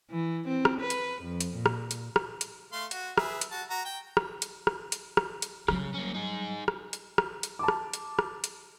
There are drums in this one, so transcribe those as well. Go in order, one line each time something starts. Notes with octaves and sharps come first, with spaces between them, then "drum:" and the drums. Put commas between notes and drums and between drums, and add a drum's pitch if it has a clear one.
E3
C4
drum: rim click
B4
drum: hi-hat
F2
drum: hi-hat
A#2
drum: rim click
drum: hi-hat
drum: rim click
drum: hi-hat
A3 F5 C6
F#4, drum: hi-hat
G#4 B4 E5, drum: rim click
drum: hi-hat
F#4 A5
F#4 A#5
G5
drum: rim click
drum: hi-hat
drum: rim click
drum: hi-hat
drum: rim click
drum: hi-hat
C#3 F#3 G3, drum: rim click
A#3 C#4
D#4 G#4
drum: rim click
drum: hi-hat
drum: rim click
drum: hi-hat
A5 D6
drum: rim click
drum: hi-hat
drum: rim click
drum: hi-hat